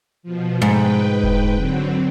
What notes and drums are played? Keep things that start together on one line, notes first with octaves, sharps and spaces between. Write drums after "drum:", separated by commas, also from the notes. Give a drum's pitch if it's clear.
B2 F3
G#2 B4 G5
drum: kick E1
D3 F#3 C4